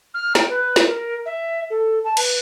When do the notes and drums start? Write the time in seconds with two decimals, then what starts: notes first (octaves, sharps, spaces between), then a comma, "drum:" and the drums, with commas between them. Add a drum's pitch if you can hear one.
0.14 F6
0.35 G5, drum: snare
0.49 B4
0.76 drum: snare
0.87 A#4
1.25 E5
1.70 A4
2.04 A5
2.17 B4, drum: cymbal